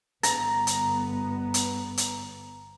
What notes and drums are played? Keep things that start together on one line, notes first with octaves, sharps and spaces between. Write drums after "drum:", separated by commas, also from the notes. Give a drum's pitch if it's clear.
G1 B3 A#5, drum: hi-hat
drum: hi-hat
drum: hi-hat
drum: hi-hat